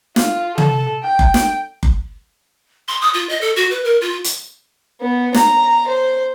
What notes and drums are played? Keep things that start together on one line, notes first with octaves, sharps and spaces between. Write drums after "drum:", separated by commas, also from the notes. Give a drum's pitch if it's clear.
F4, drum: snare
A4, drum: tom
G5
drum: kick F#1
drum: snare
drum: kick F#1
C6
D#6
F4
D#5
A4
F#4
B4
A#4
F4
drum: hi-hat
B3
A#5, drum: snare
C5